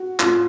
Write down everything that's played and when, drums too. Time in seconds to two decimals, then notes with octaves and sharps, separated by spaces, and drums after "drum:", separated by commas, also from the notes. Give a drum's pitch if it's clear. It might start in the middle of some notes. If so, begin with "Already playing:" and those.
Already playing: F#4
0.20 F4, drum: clap